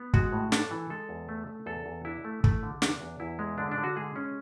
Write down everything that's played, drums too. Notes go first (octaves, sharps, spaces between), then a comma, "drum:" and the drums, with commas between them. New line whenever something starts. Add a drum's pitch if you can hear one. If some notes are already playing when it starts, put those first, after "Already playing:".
Already playing: B3
G#3 F#4, drum: kick
A2
D4 A4, drum: snare
E3
G#3 A4
E2
A3
A3
E2 A4
E2
D4 E4
A3
A3, drum: kick
D3
E2 D4, drum: snare
E2
E2 E4
G#3
D3 D4
D4
D3
F#4
G#3 G#4
C#4